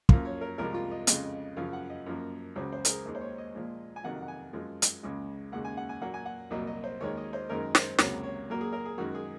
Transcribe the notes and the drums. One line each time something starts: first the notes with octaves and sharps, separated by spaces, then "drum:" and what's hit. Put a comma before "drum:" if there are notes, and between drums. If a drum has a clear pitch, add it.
F#2 F3 A#3 F5, drum: kick
C#5
A#4
C2 C3 F3 G#3 A#4
F4
D#5
F2 C#3 G#3 D#5, drum: hi-hat
F#2 C#3 F3 F5
F#5
D#5
F#2 F3 A#3
C#2 C#3 F#3 C5
C5
A#4, drum: hi-hat
G#4
D#2 D#3 G#3
C5
C#5
D#5
A#2 F3 G#3
G#5
F2 C3 D#3 F#3 F#5
F#5
G#5
F#2 F3 G#3
drum: hi-hat
C#2 C#3 G#3
D#2 C#3 G#3 F#5
G#5
F#5
G#5
A#2 F#3 A#3 F#5
G#5
F#5
C2 A#2 F#3 A#3 D#5
D#5
C5
D#2 D#3 G#3 C#5
D#5
C5
F#2 D#3 G#3 A#4
C5, drum: snare
C#2 C3 F#3 A#3 C#5, drum: snare
C#5
A#2 F#3 A#3 A#4
G#4
A#4
G#4
F#2 D#3 G#3 F#4
G#4